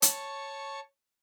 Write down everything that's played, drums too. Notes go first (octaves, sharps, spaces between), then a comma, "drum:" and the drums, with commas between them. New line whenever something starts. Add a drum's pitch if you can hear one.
C#5 A5 C#6, drum: hi-hat